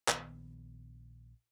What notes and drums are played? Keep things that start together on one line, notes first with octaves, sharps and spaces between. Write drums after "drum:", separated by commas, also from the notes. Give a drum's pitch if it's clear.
A#1 D#3 B3, drum: clap